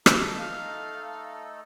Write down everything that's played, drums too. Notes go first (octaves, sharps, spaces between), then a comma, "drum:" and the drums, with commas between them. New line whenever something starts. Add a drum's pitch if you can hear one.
A3 D#4 A4, drum: rim click
F5